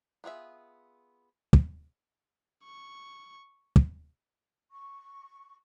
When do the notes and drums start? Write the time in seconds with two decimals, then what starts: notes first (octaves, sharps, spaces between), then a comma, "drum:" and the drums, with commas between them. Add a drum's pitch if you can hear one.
0.24 B3 F4 G#4 E5
1.53 drum: kick
2.64 C#6
3.76 drum: kick
4.71 C#6